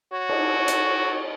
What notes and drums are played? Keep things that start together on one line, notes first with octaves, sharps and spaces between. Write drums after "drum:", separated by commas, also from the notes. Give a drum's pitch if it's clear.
F#4 C#5
drum: cymbal
drum: hi-hat